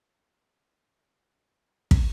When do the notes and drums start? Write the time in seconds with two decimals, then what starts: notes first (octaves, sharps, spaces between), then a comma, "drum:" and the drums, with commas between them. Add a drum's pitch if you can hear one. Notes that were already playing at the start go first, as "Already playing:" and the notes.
Already playing: D3 F#3 B3
0.10 D6
0.30 D6
0.51 D6
0.71 D3 F#3 B3 E6
1.54 D3 F#3 B3
1.91 drum: kick